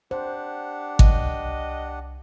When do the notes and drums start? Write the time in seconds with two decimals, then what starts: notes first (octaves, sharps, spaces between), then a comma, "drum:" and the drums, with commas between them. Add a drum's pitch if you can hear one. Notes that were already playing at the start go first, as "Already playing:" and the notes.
0.11 D4 G4 C5 F#5
0.99 C2 D#5, drum: kick G#1